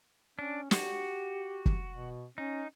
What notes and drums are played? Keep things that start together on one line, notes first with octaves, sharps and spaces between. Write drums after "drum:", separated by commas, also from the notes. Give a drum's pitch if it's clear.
C#4 D4
F#4 G4, drum: snare
drum: kick
B2
C#4 D#4